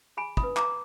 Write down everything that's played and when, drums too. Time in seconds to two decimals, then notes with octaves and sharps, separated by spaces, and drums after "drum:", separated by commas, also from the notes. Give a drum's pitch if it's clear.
0.17 G#4 G#5 B5
0.37 B5 D#6, drum: kick
0.43 B4
0.57 A#5 D6, drum: clap